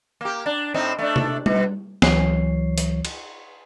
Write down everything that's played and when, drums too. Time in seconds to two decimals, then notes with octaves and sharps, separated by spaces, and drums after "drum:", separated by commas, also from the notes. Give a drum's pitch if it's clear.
0.21 A#3 G4
0.46 D4
0.74 A2 C4 D#4
0.99 A3 D4
1.16 drum: tom C3
1.46 B2, drum: tom G3
2.02 C#2 E3 F#3 C#5 C7, drum: snare
2.78 drum: hi-hat
3.05 drum: cymbal